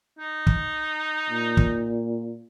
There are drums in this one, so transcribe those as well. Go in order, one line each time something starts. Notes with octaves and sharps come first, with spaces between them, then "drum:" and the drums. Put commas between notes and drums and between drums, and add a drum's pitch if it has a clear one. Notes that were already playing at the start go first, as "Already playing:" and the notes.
D#4
drum: kick
A#2
drum: kick